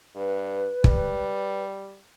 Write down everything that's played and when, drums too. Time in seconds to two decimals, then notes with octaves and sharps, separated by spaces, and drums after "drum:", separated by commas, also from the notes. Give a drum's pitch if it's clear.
0.16 G2 B4
0.84 G3, drum: kick